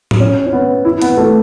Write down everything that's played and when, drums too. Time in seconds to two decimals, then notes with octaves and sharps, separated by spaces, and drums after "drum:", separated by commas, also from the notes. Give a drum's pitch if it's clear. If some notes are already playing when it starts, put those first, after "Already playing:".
0.11 drum: tom A2
0.20 C#4
0.46 C#4
0.53 B3
0.85 E4
1.02 B3, drum: hi-hat
1.18 A3